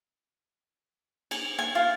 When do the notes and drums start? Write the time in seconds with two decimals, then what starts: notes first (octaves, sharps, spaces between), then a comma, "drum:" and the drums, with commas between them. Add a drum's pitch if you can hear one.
1.31 G#5, drum: cymbal
1.59 G#5
1.75 F4